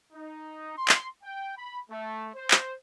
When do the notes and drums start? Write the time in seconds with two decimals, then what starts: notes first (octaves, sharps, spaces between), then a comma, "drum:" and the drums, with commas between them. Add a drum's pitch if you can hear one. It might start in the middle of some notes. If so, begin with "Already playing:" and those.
0.13 D#4
0.78 C6
0.88 drum: clap
1.23 G5
1.58 B5
1.90 A3
2.36 C5
2.51 drum: clap